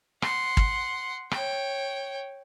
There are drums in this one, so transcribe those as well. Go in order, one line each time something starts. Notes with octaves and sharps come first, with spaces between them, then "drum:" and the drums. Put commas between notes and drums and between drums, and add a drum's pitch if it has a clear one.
F#5 C6, drum: rim click
drum: kick
C#5 G5, drum: rim click